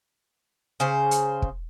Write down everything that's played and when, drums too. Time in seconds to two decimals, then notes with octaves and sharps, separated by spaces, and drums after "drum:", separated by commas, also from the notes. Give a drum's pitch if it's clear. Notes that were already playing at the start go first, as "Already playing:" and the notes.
0.80 C#3 C5
1.11 drum: hi-hat
1.42 drum: kick